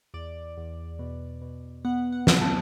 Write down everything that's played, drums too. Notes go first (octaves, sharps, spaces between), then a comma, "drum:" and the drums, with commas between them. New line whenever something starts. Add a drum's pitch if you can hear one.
E2 D5
E2
B2
B2
B3 F#5
F#5
F#3, drum: snare
A5